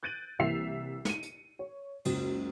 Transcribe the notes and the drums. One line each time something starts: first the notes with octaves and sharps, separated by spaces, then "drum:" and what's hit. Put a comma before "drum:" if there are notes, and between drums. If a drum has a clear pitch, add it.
F#6 G6 A6 D7 D#7 F#7
C2 E3 A#3 E5 C7 F7
C#7 D#7, drum: snare
drum: hi-hat
C#5
F#1 C#2 F#2, drum: cymbal